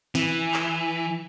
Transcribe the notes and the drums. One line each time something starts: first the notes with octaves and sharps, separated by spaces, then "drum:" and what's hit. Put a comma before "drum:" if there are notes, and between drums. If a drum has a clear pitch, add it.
E3, drum: snare
drum: clap